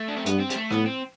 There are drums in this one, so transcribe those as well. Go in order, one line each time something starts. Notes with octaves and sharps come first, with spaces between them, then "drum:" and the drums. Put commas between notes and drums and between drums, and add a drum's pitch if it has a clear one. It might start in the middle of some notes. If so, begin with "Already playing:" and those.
Already playing: A3
D4
C4
G2 B3, drum: hi-hat
C4
G3, drum: hi-hat
A3
A2 B3, drum: rim click
C4